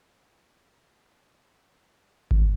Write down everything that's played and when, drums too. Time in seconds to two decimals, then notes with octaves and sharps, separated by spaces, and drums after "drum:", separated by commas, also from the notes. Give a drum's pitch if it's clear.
0.18 D5
0.89 C3 E4 F#4 B4 C5 F#5
1.27 G6 A#6 B6
1.75 G4 E5 G5
2.31 drum: kick G#1